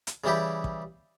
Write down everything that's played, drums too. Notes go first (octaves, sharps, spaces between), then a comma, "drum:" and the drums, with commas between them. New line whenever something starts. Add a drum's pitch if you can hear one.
drum: hi-hat
C#3 E3 G3 E4 G4
drum: kick